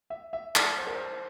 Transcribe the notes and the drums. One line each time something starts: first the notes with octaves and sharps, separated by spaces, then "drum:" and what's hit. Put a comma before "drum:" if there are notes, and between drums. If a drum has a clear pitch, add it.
E5
E5
D5, drum: clap
C5
A#4
C5